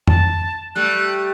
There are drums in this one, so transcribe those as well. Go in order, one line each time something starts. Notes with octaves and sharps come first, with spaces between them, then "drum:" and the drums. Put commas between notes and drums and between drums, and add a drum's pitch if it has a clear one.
A5, drum: tom F2
G3 A3 F#6